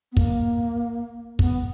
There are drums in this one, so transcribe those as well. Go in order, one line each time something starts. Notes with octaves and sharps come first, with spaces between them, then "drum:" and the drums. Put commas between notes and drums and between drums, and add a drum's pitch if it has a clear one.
B3
A#3, drum: kick
B3, drum: kick